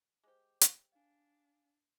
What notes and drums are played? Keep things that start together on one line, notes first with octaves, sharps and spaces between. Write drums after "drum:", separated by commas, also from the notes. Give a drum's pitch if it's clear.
G#3 G4 G#4 C5 D6
drum: hi-hat
D4 F5 G#5